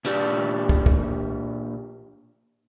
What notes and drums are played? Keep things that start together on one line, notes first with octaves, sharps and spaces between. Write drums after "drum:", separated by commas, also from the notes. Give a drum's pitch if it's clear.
A#2 D4 G4 C5 D5, drum: hi-hat
drum: kick
drum: kick